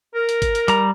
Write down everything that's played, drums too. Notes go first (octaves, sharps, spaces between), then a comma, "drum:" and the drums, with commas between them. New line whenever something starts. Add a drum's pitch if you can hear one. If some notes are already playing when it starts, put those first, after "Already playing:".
A#4
drum: hi-hat
drum: kick G#1, hi-hat
drum: hi-hat
G3 A#5, drum: hi-hat